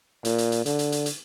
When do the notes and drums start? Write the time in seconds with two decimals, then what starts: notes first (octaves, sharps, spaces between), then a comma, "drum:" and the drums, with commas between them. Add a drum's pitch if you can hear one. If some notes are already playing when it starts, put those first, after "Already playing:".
0.25 A#2, drum: hi-hat
0.38 drum: hi-hat
0.52 drum: hi-hat
0.66 D3, drum: hi-hat
0.79 drum: hi-hat
0.92 drum: hi-hat
1.06 drum: hi-hat